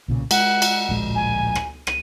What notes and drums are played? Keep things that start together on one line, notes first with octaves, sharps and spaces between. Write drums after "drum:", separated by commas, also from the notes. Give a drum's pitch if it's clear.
B1 A#2 C#3
G#3 F#5, drum: cymbal
drum: cymbal
D1 A#1 G#3
G#5
drum: rim click
D#7, drum: rim click